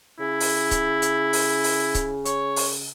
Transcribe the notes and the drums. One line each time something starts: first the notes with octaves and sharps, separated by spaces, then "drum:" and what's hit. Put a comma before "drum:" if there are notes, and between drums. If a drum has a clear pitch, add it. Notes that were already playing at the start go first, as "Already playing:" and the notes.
C#3 E4
drum: open hi-hat
drum: kick C#1, hi-hat
drum: hi-hat
drum: open hi-hat
drum: open hi-hat
drum: kick C#1, hi-hat
C#5, drum: hi-hat
drum: open hi-hat